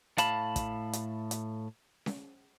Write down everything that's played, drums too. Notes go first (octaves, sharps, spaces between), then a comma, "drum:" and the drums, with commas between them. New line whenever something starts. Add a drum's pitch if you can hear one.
A2 F5 A5 B5, drum: hi-hat
drum: kick, hi-hat
drum: hi-hat
drum: hi-hat
drum: snare C#4